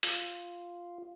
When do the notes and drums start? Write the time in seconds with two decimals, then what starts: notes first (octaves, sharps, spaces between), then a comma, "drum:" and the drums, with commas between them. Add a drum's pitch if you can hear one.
0.03 F4, drum: hi-hat